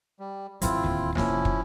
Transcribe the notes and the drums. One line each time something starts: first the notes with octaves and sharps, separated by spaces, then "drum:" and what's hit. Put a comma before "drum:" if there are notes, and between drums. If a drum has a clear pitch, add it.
G3
G#1 C#2 F#3 C4 E4 F4, drum: hi-hat
D1 D#2 D3
F1 D#2 F3 A#3 C#4 E4, drum: snare
drum: kick